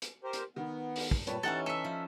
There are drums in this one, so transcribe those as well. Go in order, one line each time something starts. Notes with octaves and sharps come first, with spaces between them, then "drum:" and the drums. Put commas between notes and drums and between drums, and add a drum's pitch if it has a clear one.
drum: hi-hat
G4 A#4 C5
drum: hi-hat
D#3 B3
drum: open hi-hat
drum: kick
A#2 G3 B4 C#5 A5, drum: hi-hat
E3 C#4 D#4 E4 G4 A4 F#5 A5
A4 E5 E6 B6 D#7
F3